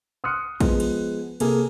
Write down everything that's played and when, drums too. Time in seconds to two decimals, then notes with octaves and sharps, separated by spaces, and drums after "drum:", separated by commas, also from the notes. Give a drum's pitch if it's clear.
0.24 C6 D#6 F6 F#6 C#7
0.60 F3 G#3 B3, drum: kick A#1, cymbal
0.80 drum: cymbal
1.40 C3 A#3 G#4 A4, drum: cymbal